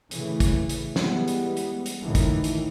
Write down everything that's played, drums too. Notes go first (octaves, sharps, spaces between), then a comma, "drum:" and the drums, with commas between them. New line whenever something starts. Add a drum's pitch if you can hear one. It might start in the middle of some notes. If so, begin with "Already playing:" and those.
A2 C#3 E3 A3, drum: hi-hat
drum: kick, hi-hat
drum: hi-hat
E3 G3 G#3 B3, drum: snare
drum: hi-hat
drum: hi-hat
drum: hi-hat
D2 A2 D#3 E3
drum: kick, hi-hat
drum: hi-hat